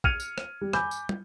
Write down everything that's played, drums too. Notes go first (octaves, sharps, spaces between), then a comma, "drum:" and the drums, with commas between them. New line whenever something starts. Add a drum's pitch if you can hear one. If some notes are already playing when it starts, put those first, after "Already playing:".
F6 G#6 C#7 D#7 F7, drum: kick
drum: tambourine
drum: rim click
G3
G#5 B5 D6 G6, drum: rim click
drum: tambourine
drum: tom